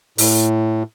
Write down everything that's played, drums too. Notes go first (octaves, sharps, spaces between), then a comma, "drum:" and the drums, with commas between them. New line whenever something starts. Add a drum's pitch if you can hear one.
A2, drum: open hi-hat